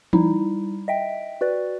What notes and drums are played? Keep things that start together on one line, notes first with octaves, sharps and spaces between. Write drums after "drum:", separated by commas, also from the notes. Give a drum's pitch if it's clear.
G3 D#4 E4, drum: tom E3
D#5 E5 G5
F#4 B4 D5